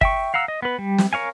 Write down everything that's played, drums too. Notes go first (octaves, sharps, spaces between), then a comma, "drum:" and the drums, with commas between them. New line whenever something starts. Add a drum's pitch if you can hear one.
E5 G5 C#6, drum: kick G1
F5 F#5 A#5 E6
D#5
B3 B4
G3
drum: snare
A#4 C#5 F5 G#5